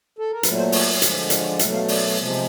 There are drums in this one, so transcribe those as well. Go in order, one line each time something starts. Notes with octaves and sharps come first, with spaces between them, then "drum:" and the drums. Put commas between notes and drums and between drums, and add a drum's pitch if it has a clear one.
A4
A#4
A#2 F#3 A3 B4, drum: hi-hat
C5
C#5, drum: open hi-hat
D3 F3 G#3, drum: hi-hat
D5, drum: hi-hat
C#5
D5
B2 F#3 A3 E5, drum: hi-hat
F5
D5, drum: open hi-hat
C3 F3 G#3